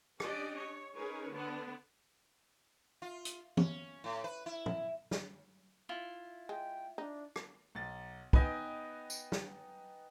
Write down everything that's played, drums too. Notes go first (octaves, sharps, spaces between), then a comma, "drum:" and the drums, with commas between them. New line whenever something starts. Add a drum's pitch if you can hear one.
C#4 D4 G4 D5 D#5, drum: rim click
C#5
C#4 D#4 G#4 A#4 B4 C#5
D3 B3 D4
F4
drum: hi-hat
C#4, drum: tom E3
A2
B4
E4
drum: tom
drum: snare
E4 F4
G#3 G5
D4 D#4
drum: rim click
B1 A6
B3 D#4 B4 D#5 G5 G#5, drum: kick
drum: tambourine
drum: snare